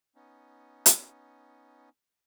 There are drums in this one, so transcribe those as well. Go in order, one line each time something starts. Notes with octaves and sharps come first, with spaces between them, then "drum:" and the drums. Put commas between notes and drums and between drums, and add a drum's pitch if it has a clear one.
B3 C#4 D#4
drum: hi-hat